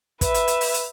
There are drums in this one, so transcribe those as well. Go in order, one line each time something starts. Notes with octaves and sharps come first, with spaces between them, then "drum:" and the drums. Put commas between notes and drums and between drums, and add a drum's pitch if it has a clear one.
B4 E5, drum: kick, hi-hat
drum: hi-hat
drum: hi-hat
drum: open hi-hat
drum: hi-hat